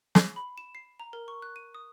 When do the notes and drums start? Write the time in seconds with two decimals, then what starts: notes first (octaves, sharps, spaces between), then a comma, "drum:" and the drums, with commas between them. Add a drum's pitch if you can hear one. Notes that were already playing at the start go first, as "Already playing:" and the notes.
0.15 C7, drum: snare
0.36 B5
0.58 E7
0.75 C7
1.00 A#5
1.13 A#4
1.28 C#6
1.42 F#6
1.56 D#7
1.75 D#6